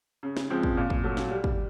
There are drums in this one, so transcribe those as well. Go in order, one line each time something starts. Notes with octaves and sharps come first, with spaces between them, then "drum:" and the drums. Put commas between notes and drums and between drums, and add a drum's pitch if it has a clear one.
C#3
drum: snare
F3 G#3 C4
drum: kick
A#2
drum: kick
F#3 A3
drum: snare
G3
drum: kick